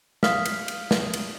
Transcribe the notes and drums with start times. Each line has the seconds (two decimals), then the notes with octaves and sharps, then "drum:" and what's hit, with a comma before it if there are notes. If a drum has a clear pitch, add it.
0.23 F5 D#6 F6 B6, drum: snare
0.45 drum: cymbal
0.68 drum: cymbal
0.91 drum: snare
1.13 drum: cymbal